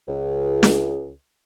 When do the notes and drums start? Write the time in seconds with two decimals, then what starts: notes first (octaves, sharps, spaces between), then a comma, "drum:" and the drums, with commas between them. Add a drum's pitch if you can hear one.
0.08 C#2
0.63 drum: snare